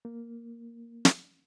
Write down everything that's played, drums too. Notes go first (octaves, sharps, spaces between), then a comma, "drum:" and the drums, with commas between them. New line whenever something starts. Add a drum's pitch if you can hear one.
A#3
drum: snare